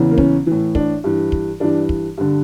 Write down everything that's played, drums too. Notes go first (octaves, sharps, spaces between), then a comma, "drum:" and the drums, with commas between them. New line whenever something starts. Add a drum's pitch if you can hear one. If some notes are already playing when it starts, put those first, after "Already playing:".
Already playing: E2 C#3 E3
A#3
C#4, drum: kick
A2 E3
D4, drum: kick
G2 E3
drum: kick
G2 E3 D4
drum: kick
G2 D3